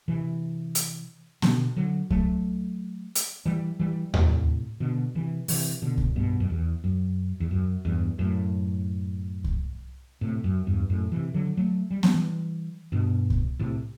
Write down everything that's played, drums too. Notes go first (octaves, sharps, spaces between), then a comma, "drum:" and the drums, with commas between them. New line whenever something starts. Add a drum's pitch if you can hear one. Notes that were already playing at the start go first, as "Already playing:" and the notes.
C3 E3
drum: hi-hat
B2 D3, drum: snare B3
D3 F#3
F#3 A3, drum: kick C2
drum: hi-hat
E3 G3
E3 G3
A2 C3, drum: tom D#2
B2 D3
C3 E3
C3 E3, drum: open hi-hat
B2 D3
drum: kick C2
G2 B2
F#2
E2
F#2
E2
F#2
E2 G2
F#2 A2
drum: kick C2
A2 C3
F#2
E2 G2
F#2 A2
C3 E3
D3 F#3
F#3 A3
G3
F#3, drum: snare B3
E3 G3
G2 B2
drum: kick C2
A2 C3